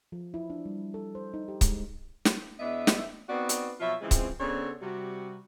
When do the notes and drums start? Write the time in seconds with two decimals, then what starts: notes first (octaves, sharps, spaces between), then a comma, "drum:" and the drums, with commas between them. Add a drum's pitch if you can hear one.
0.12 F3
0.34 E4
0.50 D4
0.66 G3
0.94 A4
1.15 C5
1.34 D#4
1.48 G4
1.61 G#3, drum: kick C#1, hi-hat
2.25 drum: snare
2.60 E2 B3 D4 D#5 E5
2.87 drum: snare
3.29 B3 C4 D#4 F#4 B4 D5
3.49 drum: hi-hat
3.80 B2 F3 F#3 F4 E5
4.01 C#3 E3 F3 G#3 C4
4.11 drum: kick C#1, hi-hat
4.40 C#3 B3 C4 D4 A4 C#5
4.81 C3 G3 F#4